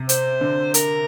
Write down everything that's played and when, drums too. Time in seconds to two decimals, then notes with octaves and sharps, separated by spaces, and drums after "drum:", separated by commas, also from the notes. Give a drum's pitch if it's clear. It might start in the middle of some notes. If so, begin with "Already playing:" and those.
Already playing: C3
0.09 C5, drum: hi-hat
0.41 D3
0.74 A#4, drum: hi-hat